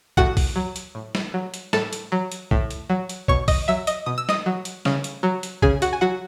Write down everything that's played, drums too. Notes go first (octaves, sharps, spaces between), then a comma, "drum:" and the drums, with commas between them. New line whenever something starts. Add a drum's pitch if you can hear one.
A2 F#4 F#5, drum: kick
drum: kick, open hi-hat
F#3
drum: hi-hat
A2
drum: snare
F#3
drum: hi-hat
A2 A4 A5, drum: snare
drum: hi-hat
F#3
drum: hi-hat
A2, drum: kick
drum: hi-hat
F#3
drum: hi-hat
B2 C#5 C#6, drum: kick
D#5 D#6, drum: kick, open hi-hat
F#3 E5 E6
D#5 D#6, drum: hi-hat
B2 D#6
E6
D#5 D#6, drum: snare
F#3
drum: hi-hat
C#3, drum: snare
drum: hi-hat
F#3
drum: hi-hat
C#3 G#4 G#5, drum: kick
F#4 F#5, drum: hi-hat
G#5
F#3 F#4 F#5